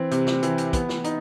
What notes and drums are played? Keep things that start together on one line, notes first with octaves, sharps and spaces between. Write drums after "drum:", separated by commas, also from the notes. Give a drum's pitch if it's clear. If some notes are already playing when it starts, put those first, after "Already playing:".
Already playing: E3 C4
C3, drum: hi-hat
drum: snare
E3, drum: hi-hat
drum: hi-hat
B3, drum: kick, hi-hat
drum: snare
D#4, drum: hi-hat